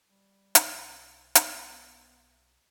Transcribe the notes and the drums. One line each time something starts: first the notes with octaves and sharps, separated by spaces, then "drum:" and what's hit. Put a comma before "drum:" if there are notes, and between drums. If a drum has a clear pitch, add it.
G3
B1, drum: hi-hat
B3, drum: hi-hat